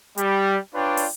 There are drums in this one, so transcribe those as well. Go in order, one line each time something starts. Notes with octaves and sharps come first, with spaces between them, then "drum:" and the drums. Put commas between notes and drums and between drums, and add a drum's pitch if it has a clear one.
G3, drum: hi-hat
D4 F4 B4 C#5 D5 G5
drum: open hi-hat